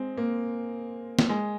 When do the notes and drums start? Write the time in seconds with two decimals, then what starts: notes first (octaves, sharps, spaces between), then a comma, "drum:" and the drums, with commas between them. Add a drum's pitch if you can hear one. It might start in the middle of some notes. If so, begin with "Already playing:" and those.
Already playing: G#3 C4
0.17 A#3
1.19 drum: snare
1.29 G#3